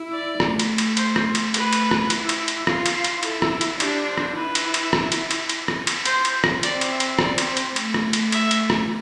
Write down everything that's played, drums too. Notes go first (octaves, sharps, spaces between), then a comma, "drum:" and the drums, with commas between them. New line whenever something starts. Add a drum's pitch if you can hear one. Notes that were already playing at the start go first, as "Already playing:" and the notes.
Already playing: E4
D5
A3, drum: rim click
drum: cymbal
drum: cymbal
C5, drum: cymbal
drum: rim click
drum: cymbal
A3 B4, drum: cymbal
drum: cymbal
drum: rim click
E4, drum: cymbal
drum: cymbal
drum: cymbal
F4, drum: rim click
drum: cymbal
drum: cymbal
E4 A4, drum: cymbal
drum: rim click
drum: cymbal
D4 G4, drum: cymbal
C5
drum: rim click
E4 B4
drum: cymbal
drum: cymbal
drum: rim click
drum: cymbal
drum: cymbal
drum: cymbal
drum: rim click
drum: cymbal
C5, drum: cymbal
drum: cymbal
drum: rim click
C4 D5, drum: cymbal
drum: cymbal
E5
drum: cymbal
D5, drum: rim click
drum: cymbal
C5
drum: cymbal
A3, drum: cymbal
drum: rim click
drum: cymbal
E5, drum: cymbal
drum: cymbal
drum: rim click